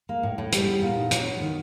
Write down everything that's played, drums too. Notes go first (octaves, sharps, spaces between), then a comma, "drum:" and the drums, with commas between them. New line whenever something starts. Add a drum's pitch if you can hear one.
A#3
A2
A2
G3, drum: hi-hat
B3
A#2
D#4
F#3, drum: hi-hat
B3
D#3